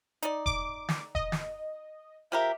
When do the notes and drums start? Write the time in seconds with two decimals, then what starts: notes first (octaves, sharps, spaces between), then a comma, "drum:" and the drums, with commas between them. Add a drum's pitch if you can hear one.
0.22 D#4 D5, drum: hi-hat
0.46 D6, drum: kick E1
0.89 drum: snare
1.15 D#5, drum: kick E1
1.32 drum: snare
2.32 F3 G4 A#4 E5